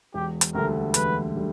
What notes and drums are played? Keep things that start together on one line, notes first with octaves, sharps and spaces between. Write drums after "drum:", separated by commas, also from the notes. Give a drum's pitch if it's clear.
E1 G4
drum: hi-hat
D2 D3 G3 A#4
E1 B4, drum: hi-hat
D3 G3